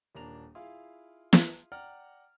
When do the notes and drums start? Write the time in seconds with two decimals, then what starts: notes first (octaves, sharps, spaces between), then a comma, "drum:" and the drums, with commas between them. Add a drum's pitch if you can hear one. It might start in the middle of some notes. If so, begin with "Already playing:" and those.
0.15 D#1 A#3 D4 A#5 F7
0.55 E4 F4 G#4 F5
1.33 drum: snare
1.72 D5 F#5 G5 A#5 F6